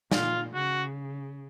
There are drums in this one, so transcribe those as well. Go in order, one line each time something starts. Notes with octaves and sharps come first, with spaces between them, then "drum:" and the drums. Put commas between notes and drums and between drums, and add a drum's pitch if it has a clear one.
A#2 F4, drum: snare
C#3 F#4